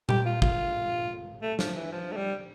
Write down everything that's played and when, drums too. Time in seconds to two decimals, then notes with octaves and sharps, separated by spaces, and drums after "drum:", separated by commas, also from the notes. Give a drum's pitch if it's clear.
0.09 G4, drum: tom A#2
0.26 F4
0.42 F4, drum: kick
1.42 A3
1.59 F3, drum: snare
1.75 E3
1.92 F3
2.12 A3
2.17 G3